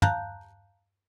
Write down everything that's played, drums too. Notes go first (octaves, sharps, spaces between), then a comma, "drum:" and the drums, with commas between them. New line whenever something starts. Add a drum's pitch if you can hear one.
F5 A5 A#5 F#6 G6, drum: tom